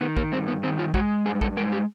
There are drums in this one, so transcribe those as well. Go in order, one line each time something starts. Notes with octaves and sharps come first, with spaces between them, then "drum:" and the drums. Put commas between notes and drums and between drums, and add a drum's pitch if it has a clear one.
D#3 B3
A#3, drum: kick
G2 C4
B3
D#3 C4
F4
G#3 F#4, drum: kick
G2 G#4
A4, drum: kick
G#3 A#4
G4